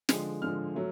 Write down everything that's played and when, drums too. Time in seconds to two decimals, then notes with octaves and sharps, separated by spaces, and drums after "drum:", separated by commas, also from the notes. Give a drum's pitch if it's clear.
0.09 D3 F3 G#3, drum: snare
0.42 D3 F3 G#3 F6
0.75 F#3 A3